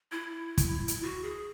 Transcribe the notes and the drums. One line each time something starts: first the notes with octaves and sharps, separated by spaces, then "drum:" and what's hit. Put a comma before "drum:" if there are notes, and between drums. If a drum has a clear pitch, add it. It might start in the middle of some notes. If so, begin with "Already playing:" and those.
E4
drum: kick, hi-hat
drum: hi-hat
F#4
G#4